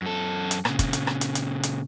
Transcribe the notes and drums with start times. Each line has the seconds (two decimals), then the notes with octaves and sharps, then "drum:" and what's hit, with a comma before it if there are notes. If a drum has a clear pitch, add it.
0.02 F#2 A4
0.51 drum: hi-hat
0.65 A#2 C#3, drum: rim click
0.79 drum: kick, hi-hat
0.93 drum: hi-hat
1.07 drum: rim click
1.21 drum: hi-hat
1.35 drum: hi-hat
1.63 drum: hi-hat